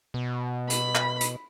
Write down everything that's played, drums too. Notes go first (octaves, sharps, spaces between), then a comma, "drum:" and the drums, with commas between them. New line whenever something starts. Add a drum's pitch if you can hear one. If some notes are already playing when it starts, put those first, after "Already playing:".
B2
B5, drum: hi-hat
drum: clap
drum: hi-hat